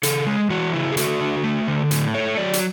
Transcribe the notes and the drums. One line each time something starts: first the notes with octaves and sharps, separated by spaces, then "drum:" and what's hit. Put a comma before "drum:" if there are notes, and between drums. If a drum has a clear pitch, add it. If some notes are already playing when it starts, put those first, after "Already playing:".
C#3 A4, drum: hi-hat
G#3
E3 F#4
C#3 E4
G#4
A3 F#4, drum: hi-hat
D3
A3
D3
A2, drum: hi-hat
A3 C#5
F#3 D5
drum: hi-hat